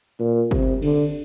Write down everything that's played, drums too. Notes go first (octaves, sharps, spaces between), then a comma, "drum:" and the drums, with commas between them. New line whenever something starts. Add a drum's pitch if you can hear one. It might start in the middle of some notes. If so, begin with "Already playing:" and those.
A#2
C3, drum: kick
D3, drum: cymbal